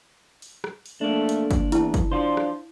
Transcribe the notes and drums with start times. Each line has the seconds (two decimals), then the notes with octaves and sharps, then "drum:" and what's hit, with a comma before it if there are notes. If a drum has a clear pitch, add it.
0.42 drum: open hi-hat
0.64 drum: rim click
0.86 drum: open hi-hat
1.01 A3 A#3 D4
1.29 drum: hi-hat
1.51 drum: kick, hi-hat
1.72 E2 E4 A5, drum: hi-hat
1.94 drum: kick, hi-hat
2.12 D4 F4 C5
2.37 drum: rim click